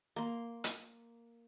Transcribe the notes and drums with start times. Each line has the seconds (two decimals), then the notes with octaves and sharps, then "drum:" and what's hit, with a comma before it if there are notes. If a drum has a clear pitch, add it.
0.16 A#3 C6
0.64 drum: hi-hat